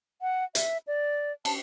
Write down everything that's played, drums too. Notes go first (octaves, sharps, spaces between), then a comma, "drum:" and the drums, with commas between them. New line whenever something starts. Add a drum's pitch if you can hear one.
F#5
E5, drum: hi-hat
D5
A5, drum: cymbal